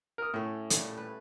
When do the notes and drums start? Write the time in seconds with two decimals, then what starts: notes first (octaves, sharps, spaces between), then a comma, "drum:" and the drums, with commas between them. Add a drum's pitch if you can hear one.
0.18 A#4 D#6
0.34 A2 A3 C#4
0.70 A#2 G3 A3, drum: hi-hat
0.98 B4